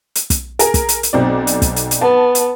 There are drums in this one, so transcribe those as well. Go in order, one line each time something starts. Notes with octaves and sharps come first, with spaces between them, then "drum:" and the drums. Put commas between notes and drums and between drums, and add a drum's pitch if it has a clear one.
drum: hi-hat
drum: kick, hi-hat
G#4 A#4, drum: hi-hat
drum: kick, hi-hat
drum: hi-hat
drum: hi-hat
B1 C4 D5
drum: hi-hat
drum: kick, hi-hat
drum: hi-hat
drum: hi-hat
B3 A5
drum: hi-hat